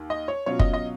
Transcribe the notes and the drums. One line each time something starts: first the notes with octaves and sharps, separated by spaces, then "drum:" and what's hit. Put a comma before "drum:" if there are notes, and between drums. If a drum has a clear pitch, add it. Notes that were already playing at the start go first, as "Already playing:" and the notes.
Already playing: D#2
D#5
C#5
B2 F#3 C#4 F4 C#5
D#5, drum: kick
D#5